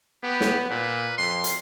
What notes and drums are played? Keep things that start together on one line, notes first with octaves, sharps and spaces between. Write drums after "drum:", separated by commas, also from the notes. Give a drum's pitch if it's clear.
B3 G4
drum: snare
A#2 B4
F2 C6
drum: hi-hat